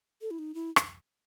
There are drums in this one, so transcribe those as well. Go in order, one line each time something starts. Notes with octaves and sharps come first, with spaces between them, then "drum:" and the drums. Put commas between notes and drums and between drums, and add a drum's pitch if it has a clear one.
A4
E4
D#4
E4
drum: rim click